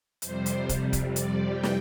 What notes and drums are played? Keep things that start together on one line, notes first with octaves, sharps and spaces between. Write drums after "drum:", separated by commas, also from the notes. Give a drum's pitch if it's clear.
F2 C3 G3 C5, drum: hi-hat
drum: hi-hat
drum: kick, hi-hat
drum: kick, hi-hat
D5, drum: hi-hat
G5
drum: snare